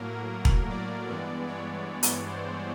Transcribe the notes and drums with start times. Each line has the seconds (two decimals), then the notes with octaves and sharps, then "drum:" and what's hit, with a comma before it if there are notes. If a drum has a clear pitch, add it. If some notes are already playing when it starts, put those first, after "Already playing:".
Already playing: A2 F#3 A#3 A#4
0.45 drum: kick E1
0.69 D5
1.08 G2 E3 G#3 B3
1.47 C#5
2.03 drum: hi-hat
2.26 C5